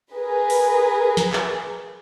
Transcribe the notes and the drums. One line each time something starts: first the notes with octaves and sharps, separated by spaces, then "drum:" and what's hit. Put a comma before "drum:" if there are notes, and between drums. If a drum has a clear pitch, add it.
G#4 A#4 B4
drum: open hi-hat
drum: snare
drum: clap